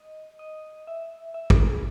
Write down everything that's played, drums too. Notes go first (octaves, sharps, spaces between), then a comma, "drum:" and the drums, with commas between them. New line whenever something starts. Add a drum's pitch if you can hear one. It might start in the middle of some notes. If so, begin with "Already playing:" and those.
Already playing: D#5
D#5
E5
E5
A#4, drum: kick
G#4